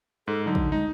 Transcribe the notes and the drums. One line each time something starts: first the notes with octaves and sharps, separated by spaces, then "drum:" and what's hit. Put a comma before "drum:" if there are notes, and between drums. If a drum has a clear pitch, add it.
G#2 A4
D3 F#3 D#4
drum: kick
G#3 D#4